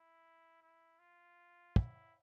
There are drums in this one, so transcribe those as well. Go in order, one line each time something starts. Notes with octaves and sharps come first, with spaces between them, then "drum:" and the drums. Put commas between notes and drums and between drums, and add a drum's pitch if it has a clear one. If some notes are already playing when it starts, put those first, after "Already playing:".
Already playing: E4
E4
F4
E4, drum: kick